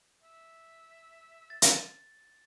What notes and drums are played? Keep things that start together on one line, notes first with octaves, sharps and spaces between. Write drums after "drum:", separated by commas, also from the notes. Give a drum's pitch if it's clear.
E5
A6
drum: hi-hat